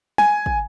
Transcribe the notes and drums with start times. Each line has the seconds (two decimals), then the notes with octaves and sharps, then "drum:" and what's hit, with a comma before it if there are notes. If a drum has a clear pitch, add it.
0.18 G#5, drum: snare
0.46 drum: kick